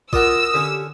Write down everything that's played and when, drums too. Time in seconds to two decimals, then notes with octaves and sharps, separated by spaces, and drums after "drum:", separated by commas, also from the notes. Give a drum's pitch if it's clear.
0.13 F4 F#4 A#4 D5 D#6 E6, drum: kick
0.54 D3 C#4 G4